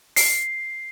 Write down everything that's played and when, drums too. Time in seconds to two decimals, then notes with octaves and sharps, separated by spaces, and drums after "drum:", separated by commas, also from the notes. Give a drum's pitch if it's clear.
0.16 C7, drum: open hi-hat